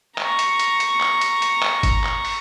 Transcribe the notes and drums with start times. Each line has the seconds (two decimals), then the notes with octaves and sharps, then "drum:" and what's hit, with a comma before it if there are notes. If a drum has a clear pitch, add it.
0.18 A#5 C#6, drum: clap
0.39 drum: hi-hat
0.59 drum: hi-hat
0.80 drum: hi-hat
1.01 drum: clap
1.21 drum: hi-hat
1.42 drum: hi-hat
1.63 drum: clap
1.83 drum: kick G1, hi-hat
2.04 drum: clap
2.25 drum: open hi-hat